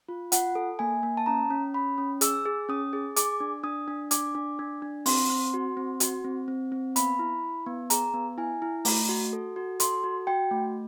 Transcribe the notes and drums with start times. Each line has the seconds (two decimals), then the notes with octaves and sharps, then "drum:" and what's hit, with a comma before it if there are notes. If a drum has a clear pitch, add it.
0.09 F4
0.32 F4 F#5, drum: hi-hat
0.55 A4
0.79 A#3 G#5
1.03 A#3
1.17 A5
1.26 C#4 A#5
1.50 C#4
1.74 C#4 B5
1.98 C#4
2.21 G#4 E6, drum: hi-hat
2.45 G#4
2.69 C#4 D#6
2.93 G#4
3.16 G#4 D6, drum: hi-hat
3.40 D4
3.63 D4 D#6
3.88 D4
4.11 D4 D6, drum: hi-hat
4.35 D4
4.59 D4
4.82 D4
5.06 C4 C6, drum: open hi-hat
5.30 C4
5.54 F#4
5.77 C4
6.00 F#4, drum: hi-hat
6.24 C4
6.48 C4
6.72 C4
6.96 B3 B5, drum: hi-hat
7.19 E4
7.43 E4
7.66 B3
7.90 G#4 A#5, drum: hi-hat
8.14 B3
8.38 E4 G#5
8.62 E4
8.85 A3 A#5, drum: open hi-hat
9.09 F#4
9.33 A4
9.56 F#4
9.80 A4 C6, drum: hi-hat
10.04 F#4
10.27 F#4 G5
10.51 A3